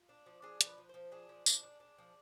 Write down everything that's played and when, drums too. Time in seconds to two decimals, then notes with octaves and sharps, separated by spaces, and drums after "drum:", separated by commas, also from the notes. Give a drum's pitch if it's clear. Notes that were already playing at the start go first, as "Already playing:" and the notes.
Already playing: F4
0.09 D4
0.26 F3
0.42 D4 G#4
0.61 F3, drum: hi-hat
0.66 B4
0.78 F3
0.89 F3 C5
1.12 D4 G#4
1.29 F3
1.46 D4, drum: tambourine
1.63 D4
1.80 D4
1.98 F3